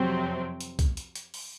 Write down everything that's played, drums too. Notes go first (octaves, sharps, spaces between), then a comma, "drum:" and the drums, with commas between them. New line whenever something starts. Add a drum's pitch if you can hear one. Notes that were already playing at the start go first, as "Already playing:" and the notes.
Already playing: F2 C3 F#3 C4
drum: hi-hat
drum: kick, hi-hat
drum: hi-hat
drum: hi-hat
drum: open hi-hat